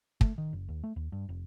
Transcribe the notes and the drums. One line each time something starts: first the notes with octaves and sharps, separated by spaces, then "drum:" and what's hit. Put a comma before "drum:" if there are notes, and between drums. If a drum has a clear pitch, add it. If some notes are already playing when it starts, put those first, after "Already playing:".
A3, drum: kick
D#3
F#1
D#2
A3
D#2
G2
F1